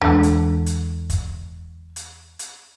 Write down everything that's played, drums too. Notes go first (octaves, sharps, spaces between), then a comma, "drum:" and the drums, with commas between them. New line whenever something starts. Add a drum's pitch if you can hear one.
E2 D3 E3 G#3
drum: hi-hat
drum: hi-hat
drum: kick, hi-hat
drum: hi-hat
drum: hi-hat